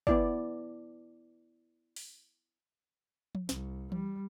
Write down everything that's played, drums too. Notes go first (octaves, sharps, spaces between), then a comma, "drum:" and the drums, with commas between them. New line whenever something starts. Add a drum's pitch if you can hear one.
B3 E4 D5, drum: kick
drum: open hi-hat
drum: tom F3
C2, drum: snare
G3, drum: tom E3